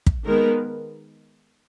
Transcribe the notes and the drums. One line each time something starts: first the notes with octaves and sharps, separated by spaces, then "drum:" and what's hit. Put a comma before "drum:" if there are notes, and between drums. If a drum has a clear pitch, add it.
drum: kick
D#3 G#3 B3 A#4